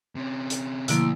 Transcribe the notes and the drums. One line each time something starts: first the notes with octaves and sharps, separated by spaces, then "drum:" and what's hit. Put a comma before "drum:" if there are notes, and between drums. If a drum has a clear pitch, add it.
C3 C#4
drum: hi-hat
D2 B2 D3 F3 A#3 E4 E6, drum: hi-hat